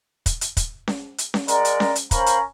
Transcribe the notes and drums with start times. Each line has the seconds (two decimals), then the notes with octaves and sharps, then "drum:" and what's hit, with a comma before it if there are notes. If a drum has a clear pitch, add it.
0.26 drum: kick, hi-hat
0.41 drum: hi-hat
0.57 drum: kick, hi-hat
0.88 drum: snare C#4
1.18 drum: hi-hat
1.34 drum: snare C#4
1.48 G#3 A#4 D5 F#5 A#5, drum: hi-hat
1.65 drum: hi-hat
1.80 drum: snare C#4
1.96 drum: hi-hat
2.11 C#4 A#4 C5 F5 A#5 B5, drum: kick, hi-hat
2.26 drum: hi-hat